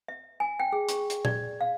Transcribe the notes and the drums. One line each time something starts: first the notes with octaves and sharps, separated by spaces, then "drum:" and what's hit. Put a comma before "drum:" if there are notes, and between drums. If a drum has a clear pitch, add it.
E5
G#5
G5
G#4
C#6, drum: hi-hat
drum: hi-hat
D5, drum: tom A#2
F5